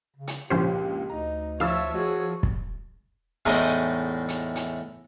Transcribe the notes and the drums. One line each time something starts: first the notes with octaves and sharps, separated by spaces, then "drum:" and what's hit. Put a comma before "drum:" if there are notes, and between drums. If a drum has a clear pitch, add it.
C#3
drum: hi-hat
C#2 G2 A#2 F3 C#4 G4 C5
D2 D#4 A#5
F3 C#5 E5 F5 E6 A6
F#4 G#4 C#5
drum: kick
E2 A2 G#3 D#4 C#6, drum: open hi-hat
drum: hi-hat
drum: hi-hat